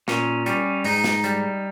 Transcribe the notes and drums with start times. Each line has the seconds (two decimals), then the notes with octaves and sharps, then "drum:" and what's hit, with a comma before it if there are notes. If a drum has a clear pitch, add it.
0.08 A#2 C#4, drum: snare
0.46 G3 C#4, drum: hi-hat
0.84 G#2 D#4, drum: open hi-hat
1.04 drum: snare
1.24 G3, drum: hi-hat